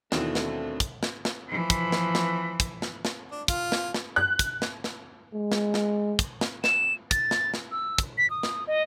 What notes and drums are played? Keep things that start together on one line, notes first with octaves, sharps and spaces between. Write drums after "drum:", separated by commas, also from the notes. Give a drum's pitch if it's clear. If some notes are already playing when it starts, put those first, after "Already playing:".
D#2 B2 E3 A3 C4 D4, drum: snare
drum: snare
drum: kick, hi-hat
drum: snare
drum: snare
E3 F3
drum: kick, hi-hat
drum: snare
drum: snare
drum: kick, hi-hat
drum: snare
drum: snare
D4
F4, drum: kick, hi-hat
drum: snare
drum: snare
F#6
drum: kick, hi-hat
drum: snare
drum: snare
G#3
drum: snare
drum: snare
drum: kick, hi-hat
drum: snare
E7, drum: snare
A6, drum: kick, hi-hat
drum: snare
drum: snare
E6
drum: kick, hi-hat
B6
D#6
drum: snare
D#5